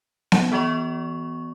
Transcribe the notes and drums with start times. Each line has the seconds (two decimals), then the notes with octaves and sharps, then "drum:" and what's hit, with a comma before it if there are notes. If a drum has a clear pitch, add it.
0.32 drum: snare B3
0.52 E3 B3 F#4 D5 C#6